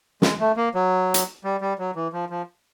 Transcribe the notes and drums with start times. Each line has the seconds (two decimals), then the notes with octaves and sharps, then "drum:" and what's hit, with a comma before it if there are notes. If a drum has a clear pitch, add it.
0.22 G#3, drum: snare
0.40 A3
0.57 A#3
0.75 F#3
1.14 drum: hi-hat
1.44 G3
1.61 G3
1.79 F#3
1.96 E3
2.13 F3
2.30 F3